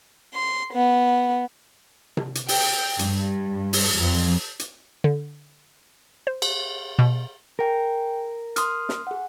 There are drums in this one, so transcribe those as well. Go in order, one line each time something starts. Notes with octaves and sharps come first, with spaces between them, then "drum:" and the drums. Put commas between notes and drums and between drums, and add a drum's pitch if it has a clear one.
C6
B3
drum: tom C3
drum: hi-hat
G5, drum: open hi-hat
G2, drum: hi-hat
drum: open hi-hat
F2
drum: hi-hat
D3
C5
drum: cymbal
B2
G#4 A#4 G5
C6 D#6 F6, drum: hi-hat
drum: snare
G#4 F#5